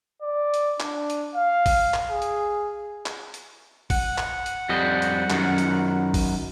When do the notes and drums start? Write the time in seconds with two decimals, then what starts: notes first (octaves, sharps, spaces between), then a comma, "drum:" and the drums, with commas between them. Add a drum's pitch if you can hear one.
0.22 D5
0.54 drum: hi-hat
0.80 D4, drum: clap
1.10 drum: hi-hat
1.36 F5
1.66 drum: kick G#1, open hi-hat
1.94 drum: clap
2.11 G#4
2.22 drum: hi-hat
3.06 drum: clap
3.34 drum: hi-hat
3.90 F#5, drum: kick G#1, open hi-hat
4.18 drum: clap
4.46 drum: hi-hat
4.69 F2 G3 D#5
5.02 drum: hi-hat
5.30 F#2 D#3, drum: clap
5.58 drum: hi-hat
6.14 drum: kick G#1, open hi-hat